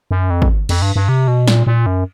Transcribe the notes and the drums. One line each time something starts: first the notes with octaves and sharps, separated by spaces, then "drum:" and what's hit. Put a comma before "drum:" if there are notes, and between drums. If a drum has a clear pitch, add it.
F#2
F2
drum: kick
F2, drum: cymbal
G2
G2
C3
B2
A#2, drum: snare
A#2
F#2